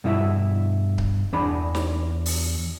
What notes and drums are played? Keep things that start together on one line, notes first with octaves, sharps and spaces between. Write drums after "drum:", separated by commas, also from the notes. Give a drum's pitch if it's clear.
G2 B2 E4 E5
drum: kick C#1
E2 D4 B5
drum: snare
drum: open hi-hat